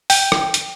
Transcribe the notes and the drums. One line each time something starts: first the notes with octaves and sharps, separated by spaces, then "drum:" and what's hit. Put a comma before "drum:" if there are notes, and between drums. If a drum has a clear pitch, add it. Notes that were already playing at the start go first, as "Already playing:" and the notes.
G5, drum: open hi-hat
drum: rim click
drum: hi-hat